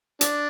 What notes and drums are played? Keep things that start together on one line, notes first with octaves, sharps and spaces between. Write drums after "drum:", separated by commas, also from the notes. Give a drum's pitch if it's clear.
D4, drum: hi-hat